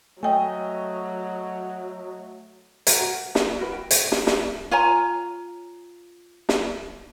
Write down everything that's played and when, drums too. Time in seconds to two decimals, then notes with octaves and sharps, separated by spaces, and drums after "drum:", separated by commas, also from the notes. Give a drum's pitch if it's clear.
0.23 F#3 A3 C#5 D#5 G5 G#5
2.87 F#4 A#4 A#5, drum: hi-hat
3.00 F#4
3.35 A#4, drum: snare
3.58 E4 F#4 A#4 B4
3.72 G5
3.91 C5, drum: hi-hat
4.12 drum: snare
4.27 drum: snare
4.71 F4 C#5 G#5 A#5
6.49 drum: snare